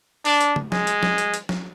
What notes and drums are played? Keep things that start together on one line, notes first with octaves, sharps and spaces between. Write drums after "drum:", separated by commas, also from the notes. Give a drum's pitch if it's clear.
D4, drum: open hi-hat
drum: hi-hat
drum: tom
G#3, drum: snare
drum: hi-hat
drum: snare
drum: hi-hat
drum: hi-hat
drum: snare